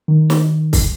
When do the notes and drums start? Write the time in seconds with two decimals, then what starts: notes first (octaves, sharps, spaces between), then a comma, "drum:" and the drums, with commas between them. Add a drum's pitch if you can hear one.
0.08 D#3
0.30 drum: snare
0.73 drum: kick C2, open hi-hat